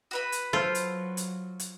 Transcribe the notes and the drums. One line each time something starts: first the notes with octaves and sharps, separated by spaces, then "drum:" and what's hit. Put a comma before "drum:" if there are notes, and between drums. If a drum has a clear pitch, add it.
F#4 B4 B5
drum: hi-hat
F#3 F4 A4 C5 F5
drum: hi-hat
drum: hi-hat
drum: hi-hat